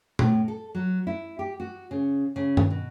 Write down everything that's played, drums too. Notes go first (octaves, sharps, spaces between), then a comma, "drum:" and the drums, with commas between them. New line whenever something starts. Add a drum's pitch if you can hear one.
A2, drum: tom
A4
F#3
E4
G4
F#4
C#3
C#3
drum: tom
B2